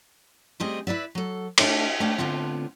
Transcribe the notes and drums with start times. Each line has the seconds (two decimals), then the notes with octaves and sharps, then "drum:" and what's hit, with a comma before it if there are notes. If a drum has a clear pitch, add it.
0.60 G3 A3 C4 G#4 D#5
0.87 E4 B4 D5 E5
1.15 F#3 A4
1.58 A3 D4, drum: cymbal
2.00 A3 D4 B4 G5
2.18 A2 D3 B3 C4 F4